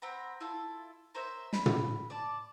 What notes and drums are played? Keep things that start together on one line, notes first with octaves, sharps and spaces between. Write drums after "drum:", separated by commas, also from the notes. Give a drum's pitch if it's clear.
C4 F#5 A#5 B5
E4 F4 A4
A#4 C5 C#5 E5
B5, drum: snare
drum: tom
D5 A5